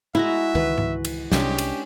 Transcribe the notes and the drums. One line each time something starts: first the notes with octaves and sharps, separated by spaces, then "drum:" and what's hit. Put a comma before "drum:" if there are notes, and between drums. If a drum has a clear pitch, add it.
G#3 E4 F#4 E5 A#5
C#2 D#3 E3 B4
drum: tom G#2
drum: cymbal
C2 C3 G#3 C#4 D4 G4, drum: snare
drum: cymbal